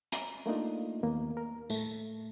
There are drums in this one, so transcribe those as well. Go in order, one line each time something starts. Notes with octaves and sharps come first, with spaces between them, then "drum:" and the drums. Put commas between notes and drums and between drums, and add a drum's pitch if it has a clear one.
A#5, drum: hi-hat
A3 A#3 D4 D#4 F4
D#2 A#3 B3
A#4
A2 A3, drum: tambourine